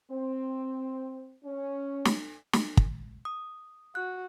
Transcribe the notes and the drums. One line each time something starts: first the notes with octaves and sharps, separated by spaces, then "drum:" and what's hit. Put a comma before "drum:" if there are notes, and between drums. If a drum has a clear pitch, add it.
C4
C#4
drum: snare
drum: snare
drum: kick
D#6
F#4 F#6